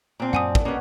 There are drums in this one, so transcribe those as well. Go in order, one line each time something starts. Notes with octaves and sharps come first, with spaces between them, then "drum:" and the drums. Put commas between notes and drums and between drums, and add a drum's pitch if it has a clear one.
A#2 C4 D4
F#2 F#5 G#5 D#6
drum: kick
G3 A#3 B3 C#4 C#5 D#5